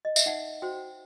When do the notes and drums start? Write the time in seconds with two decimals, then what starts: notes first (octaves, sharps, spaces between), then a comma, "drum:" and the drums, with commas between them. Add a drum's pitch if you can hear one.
0.05 D#5
0.16 E5, drum: tambourine
0.26 D#4 F#5
0.62 F#4 C5 G5